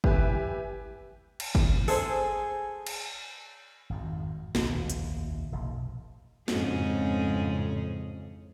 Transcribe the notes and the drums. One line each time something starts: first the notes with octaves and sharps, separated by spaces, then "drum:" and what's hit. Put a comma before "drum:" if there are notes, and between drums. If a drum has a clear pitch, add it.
E4 G4 B4 E5 G#5, drum: kick
drum: cymbal
drum: kick
G#4 A4 C5, drum: open hi-hat
drum: cymbal
G#1 F2 G#2
F1 A#1 D#2 D3, drum: snare
drum: hi-hat
F1 B1 A#2 F3
A1 F2 G#2 C#3 C#4 G#4, drum: snare